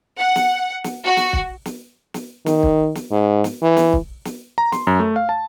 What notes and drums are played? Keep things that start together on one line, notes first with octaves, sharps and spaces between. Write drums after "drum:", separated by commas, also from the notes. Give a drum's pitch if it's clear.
F#5
drum: snare
drum: snare
F#4
drum: snare
drum: kick
drum: snare
drum: snare
D#3, drum: snare
drum: kick
drum: snare
G#2
drum: snare
E3
drum: snare
drum: kick
drum: snare
A#5
C6, drum: snare
F#2
A3
F5
A5